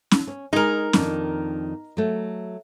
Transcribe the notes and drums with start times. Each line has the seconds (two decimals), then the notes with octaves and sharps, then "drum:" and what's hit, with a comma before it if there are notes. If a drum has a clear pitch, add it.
0.11 drum: snare C#4
0.27 C#4
0.53 G#3 D#4 G#4 A#4
0.93 F2 D#3 D4, drum: snare C#4
1.97 F#3 A3